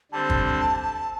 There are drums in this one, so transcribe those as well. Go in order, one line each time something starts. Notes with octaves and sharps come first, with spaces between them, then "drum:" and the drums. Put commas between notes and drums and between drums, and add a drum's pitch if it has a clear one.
D3 G3 C4 A5
drum: kick